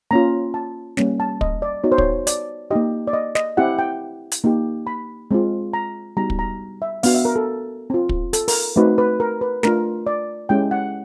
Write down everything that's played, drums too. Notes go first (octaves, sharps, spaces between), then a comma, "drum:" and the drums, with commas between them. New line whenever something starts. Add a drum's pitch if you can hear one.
A#3 C#4 F4 A#5
A5
G3 A#3 C#4, drum: snare
A5
D#5, drum: kick
D5
B3 D#4 F#4 C#5
C5
C#5, drum: kick
D5, drum: hi-hat
A#3 D#4 G4 D#5
D5
D#5
D#5, drum: snare
C4 E4 G4 F#5
G5
drum: hi-hat
A#3 D#4 G4
B5
G#3 C4 F4
A#5
G3 B3 D#4 F#4 A#5
drum: kick
A#5
E5
B3 D4 F#4 F5, drum: open hi-hat
E5
A#4
A4
C4 F4
drum: kick
A4, drum: hi-hat
A#4, drum: open hi-hat
A3 C4 D#4 F#4 B4
B4
A#4
B4
A3 D4 F4 A#4, drum: snare
D5
G#3 C#4 E4 G4 G5
F#5